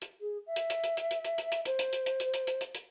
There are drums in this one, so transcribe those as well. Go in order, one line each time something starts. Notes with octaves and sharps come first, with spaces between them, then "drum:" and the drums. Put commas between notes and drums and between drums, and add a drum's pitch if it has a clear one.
drum: hi-hat
G#4
E5
drum: hi-hat
drum: hi-hat
drum: hi-hat
drum: hi-hat
drum: hi-hat
drum: hi-hat
drum: hi-hat
drum: hi-hat
C5, drum: hi-hat
drum: hi-hat
drum: hi-hat
drum: hi-hat
drum: hi-hat
drum: hi-hat
drum: hi-hat
drum: hi-hat
drum: hi-hat